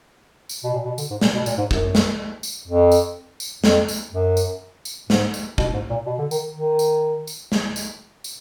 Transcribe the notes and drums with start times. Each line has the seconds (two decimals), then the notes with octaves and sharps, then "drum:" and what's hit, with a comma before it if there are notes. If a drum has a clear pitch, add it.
0.49 drum: tambourine
0.64 B2
0.74 A#2
0.85 B2
0.98 D3, drum: tambourine
1.11 G#2
1.21 A#2, drum: snare
1.34 B2
1.46 A#2, drum: tambourine
1.58 G#2
1.71 F#2, drum: kick
1.95 drum: snare
2.43 drum: tambourine
2.68 F2
2.92 drum: tambourine
3.40 drum: tambourine
3.64 F2, drum: snare
3.88 drum: tambourine
4.13 F#2
4.37 drum: tambourine
4.85 drum: tambourine
5.10 G#2, drum: snare
5.34 drum: tambourine
5.58 B2, drum: kick
5.74 G#2
5.90 A#2
6.07 B2
6.19 D3
6.31 D#3, drum: tambourine
6.55 D#3
6.79 drum: tambourine
7.27 drum: tambourine
7.52 drum: snare
7.76 drum: tambourine
8.24 drum: tambourine